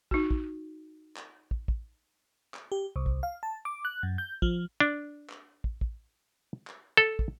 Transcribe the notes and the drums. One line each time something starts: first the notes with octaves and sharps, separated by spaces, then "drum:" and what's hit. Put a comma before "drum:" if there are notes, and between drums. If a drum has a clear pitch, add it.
D#4 F#4, drum: kick
drum: kick
drum: clap
drum: kick
drum: kick
drum: clap
G4
C2
drum: kick
F5
A5
D6
F#6
F#2
G6
F3, drum: kick
D4
drum: clap
drum: kick
drum: kick
drum: clap
A4
drum: kick